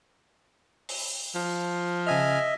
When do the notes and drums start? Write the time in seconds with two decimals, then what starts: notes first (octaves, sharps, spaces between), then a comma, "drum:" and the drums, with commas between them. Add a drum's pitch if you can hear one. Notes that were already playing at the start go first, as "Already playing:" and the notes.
0.89 drum: open hi-hat
1.35 F3
2.07 C#3 D#5 E5 G#5 F6